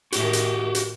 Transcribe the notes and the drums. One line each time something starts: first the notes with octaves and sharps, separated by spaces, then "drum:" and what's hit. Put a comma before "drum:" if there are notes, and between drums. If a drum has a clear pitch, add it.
A2 D#3 F#4 G4, drum: hi-hat
drum: hi-hat
drum: hi-hat